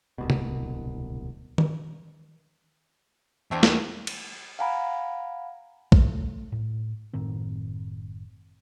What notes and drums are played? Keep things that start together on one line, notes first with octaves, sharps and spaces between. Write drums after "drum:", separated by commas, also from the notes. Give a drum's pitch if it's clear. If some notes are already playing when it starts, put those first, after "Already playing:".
D1 C2 B2
drum: tom C3
drum: tom D#3
E2 A3 C4 D4
drum: snare
drum: cymbal
F5 F#5 G#5 A#5 B5
A3, drum: kick
A2
F#1 A2 D#3 C4